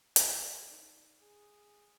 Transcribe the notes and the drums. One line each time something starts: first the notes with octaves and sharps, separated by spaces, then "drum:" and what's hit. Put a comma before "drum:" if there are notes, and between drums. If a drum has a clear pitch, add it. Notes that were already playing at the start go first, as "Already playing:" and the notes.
G6 B6, drum: hi-hat
D#4 D5
G#4